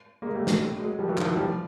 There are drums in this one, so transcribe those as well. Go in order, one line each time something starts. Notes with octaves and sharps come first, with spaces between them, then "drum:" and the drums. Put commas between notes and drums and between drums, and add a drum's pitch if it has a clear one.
G#3 A#3
G3 A3
F#3 G#3, drum: snare
G3 A3
F#3 G#3
F3 G3
E3 F#3
D#3 F3, drum: clap
E3 F#3
F3 G3